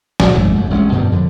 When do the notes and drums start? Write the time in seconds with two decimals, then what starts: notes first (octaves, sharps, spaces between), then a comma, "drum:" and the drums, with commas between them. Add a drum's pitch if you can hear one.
0.20 A#1, drum: snare
0.34 G#1 F2 G#2 A3
0.56 C2 F#2
0.70 A1 G#3 C4 C#4
0.92 G2 B2 D#3 G3
1.12 F2 D3